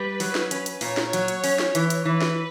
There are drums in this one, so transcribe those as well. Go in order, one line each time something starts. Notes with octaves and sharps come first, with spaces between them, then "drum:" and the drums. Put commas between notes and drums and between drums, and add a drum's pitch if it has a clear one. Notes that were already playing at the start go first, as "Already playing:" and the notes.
Already playing: G3 B4
F#3, drum: open hi-hat
drum: snare
C#4, drum: hi-hat
drum: hi-hat
A#2 C#5, drum: open hi-hat
drum: snare
F#3, drum: hi-hat
drum: hi-hat
C#4, drum: open hi-hat
drum: snare
E3, drum: hi-hat
drum: hi-hat
E3 B4
drum: snare